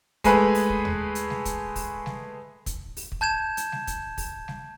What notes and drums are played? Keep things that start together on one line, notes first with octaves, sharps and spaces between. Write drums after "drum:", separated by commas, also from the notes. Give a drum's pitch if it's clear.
G#3 A3 G#4 B4, drum: kick, hi-hat
drum: open hi-hat
drum: kick
drum: tom D#2
drum: hi-hat
drum: snare G3
drum: kick, hi-hat
drum: kick, open hi-hat
drum: snare G3
drum: kick, hi-hat
drum: open hi-hat
drum: kick
A5 G6 G#6 E7
drum: hi-hat
drum: snare G3
drum: kick, hi-hat
drum: kick, open hi-hat
drum: snare G3